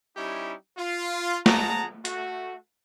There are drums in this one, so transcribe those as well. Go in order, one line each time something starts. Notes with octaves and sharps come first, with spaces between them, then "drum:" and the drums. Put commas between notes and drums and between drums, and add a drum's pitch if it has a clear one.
G3 C#4 D#4 E4 G4
F4
G#4 F#5 A5 A#5, drum: snare
A3 F#4, drum: hi-hat